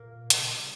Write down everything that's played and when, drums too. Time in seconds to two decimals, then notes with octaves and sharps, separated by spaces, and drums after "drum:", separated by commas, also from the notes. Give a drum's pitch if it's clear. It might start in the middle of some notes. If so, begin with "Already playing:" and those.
Already playing: A#2 A#3
0.30 B2, drum: hi-hat
0.38 C#3 G3